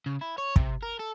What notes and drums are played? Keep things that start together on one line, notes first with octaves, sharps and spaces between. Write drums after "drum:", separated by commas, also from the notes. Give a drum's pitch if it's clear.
C#3
E4
C#5
C3, drum: kick
A#4
A4